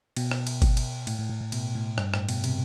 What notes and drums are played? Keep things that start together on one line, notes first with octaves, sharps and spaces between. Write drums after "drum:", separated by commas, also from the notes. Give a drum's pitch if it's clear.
B2, drum: cymbal
drum: rim click
drum: cymbal
drum: kick G1, cymbal
drum: cymbal
A2, drum: cymbal
A2
A2
A2
B2, drum: cymbal
A2
G2, drum: rim click
A2, drum: rim click
B2, drum: cymbal
C3, drum: cymbal